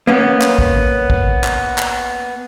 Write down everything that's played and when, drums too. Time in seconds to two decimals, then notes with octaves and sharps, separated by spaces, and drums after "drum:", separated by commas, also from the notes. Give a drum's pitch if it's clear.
0.07 A#3 B3 C#4
0.42 drum: clap
0.59 drum: kick
1.10 drum: kick
1.44 drum: clap
1.78 drum: clap